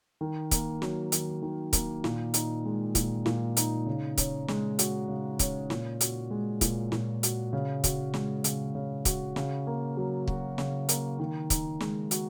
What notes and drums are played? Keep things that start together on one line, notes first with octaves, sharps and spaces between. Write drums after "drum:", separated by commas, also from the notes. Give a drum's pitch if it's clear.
D#3
A#3, drum: kick, hi-hat
F#3, drum: snare
D#3, drum: hi-hat
D#3
A#3, drum: kick, hi-hat
A#2, drum: snare
D#4, drum: hi-hat
G#3
A#2, drum: kick, hi-hat
A#2, drum: snare
D#4, drum: hi-hat
C#3
C#4, drum: kick, hi-hat
G#3, drum: snare
F#4, drum: hi-hat
C#3
C#4, drum: kick, hi-hat
A#2, drum: snare
F#4, drum: hi-hat
G#3
A#2, drum: kick, hi-hat
A#2, drum: snare
F#4, drum: hi-hat
C#3
F#4, drum: kick, hi-hat
G#3, drum: snare
C#3, drum: hi-hat
C#3
F#4, drum: kick, hi-hat
C#3, drum: snare
A#3
F#3
F#4, drum: kick
C#3, drum: snare
A#3, drum: hi-hat
D#3
D#4, drum: kick, hi-hat
G#3, drum: snare
F#4, drum: hi-hat